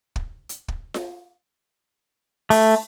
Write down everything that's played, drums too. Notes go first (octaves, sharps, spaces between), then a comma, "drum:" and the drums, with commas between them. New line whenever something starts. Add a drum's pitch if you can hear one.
drum: kick
drum: hi-hat
drum: kick
drum: snare F4
A3, drum: open hi-hat